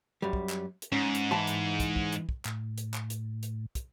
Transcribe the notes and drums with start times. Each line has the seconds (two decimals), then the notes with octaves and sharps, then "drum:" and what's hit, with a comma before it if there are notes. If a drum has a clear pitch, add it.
0.22 F#2 G3
0.33 drum: kick
0.50 drum: clap
0.82 drum: hi-hat
0.92 G#2 C#4
1.15 drum: hi-hat
1.31 E3 A5 C6
1.47 drum: hi-hat
1.80 drum: kick, hi-hat
1.96 drum: kick
2.12 drum: hi-hat
2.29 drum: kick
2.45 A2, drum: clap
2.78 drum: hi-hat
2.94 drum: clap
3.10 drum: hi-hat
3.43 drum: hi-hat
3.75 drum: kick, hi-hat